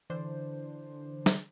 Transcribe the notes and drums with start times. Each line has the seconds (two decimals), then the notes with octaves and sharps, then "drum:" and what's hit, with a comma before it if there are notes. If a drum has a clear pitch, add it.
0.10 D3 E3 D4 C5
1.26 drum: snare